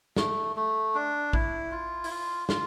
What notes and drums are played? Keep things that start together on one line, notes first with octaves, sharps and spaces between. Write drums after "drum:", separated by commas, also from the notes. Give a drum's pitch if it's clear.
A3, drum: snare
A3
D4
E4, drum: kick
F4
E4, drum: open hi-hat
F4
F4, drum: snare